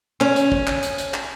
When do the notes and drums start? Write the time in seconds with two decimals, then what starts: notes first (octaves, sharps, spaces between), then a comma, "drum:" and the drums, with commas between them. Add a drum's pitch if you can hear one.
0.21 C#4, drum: clap
0.36 drum: hi-hat
0.52 drum: kick
0.67 drum: clap
0.83 drum: hi-hat
0.98 drum: hi-hat
1.14 drum: clap